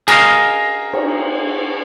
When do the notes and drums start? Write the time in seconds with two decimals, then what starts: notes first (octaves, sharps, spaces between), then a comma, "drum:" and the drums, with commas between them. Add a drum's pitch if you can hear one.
0.08 G#4 A#4 D5 D#5 F5, drum: cymbal
0.93 drum: cymbal